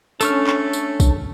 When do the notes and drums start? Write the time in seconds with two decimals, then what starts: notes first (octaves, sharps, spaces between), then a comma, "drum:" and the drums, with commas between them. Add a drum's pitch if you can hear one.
0.21 A3 C#4 D4 A4 C#6 F6, drum: tambourine
0.47 drum: clap
0.73 drum: tambourine
1.00 drum: kick, tambourine